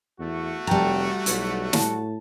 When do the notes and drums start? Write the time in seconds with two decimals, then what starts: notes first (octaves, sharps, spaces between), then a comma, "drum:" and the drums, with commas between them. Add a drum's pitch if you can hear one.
0.20 E2 A3 F#4
0.67 F1 G3 A4 G5 A#5
1.26 B1 E4 B4, drum: hi-hat
1.73 A2 A5, drum: snare